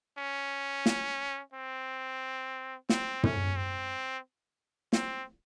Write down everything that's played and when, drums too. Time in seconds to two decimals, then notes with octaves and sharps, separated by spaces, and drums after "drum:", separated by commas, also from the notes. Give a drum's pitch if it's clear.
0.18 C#4
0.86 drum: snare
1.53 C4
2.89 C4, drum: snare
3.23 C#4, drum: tom
3.57 C4
4.93 C4, drum: snare